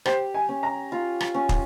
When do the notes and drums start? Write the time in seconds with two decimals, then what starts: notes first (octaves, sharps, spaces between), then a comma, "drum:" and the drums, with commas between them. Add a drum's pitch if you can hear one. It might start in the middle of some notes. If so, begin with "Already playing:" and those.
0.06 G4 C5, drum: rim click
0.34 G#5
0.49 C#4
0.63 A#5
0.92 F4
1.21 drum: rim click
1.34 C#4
1.49 drum: kick